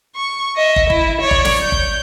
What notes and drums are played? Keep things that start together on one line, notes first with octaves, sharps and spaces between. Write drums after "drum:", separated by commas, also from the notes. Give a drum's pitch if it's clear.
C#6
D#5 E5
drum: kick
E4, drum: kick
C#5 D5
drum: kick
drum: snare
G6
drum: kick